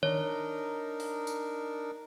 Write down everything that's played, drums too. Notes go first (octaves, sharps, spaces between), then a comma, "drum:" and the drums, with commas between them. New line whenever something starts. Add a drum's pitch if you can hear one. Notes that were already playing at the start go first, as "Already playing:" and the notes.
D4 D#4 A#4 C#5, drum: tom D#3
drum: open hi-hat
drum: tambourine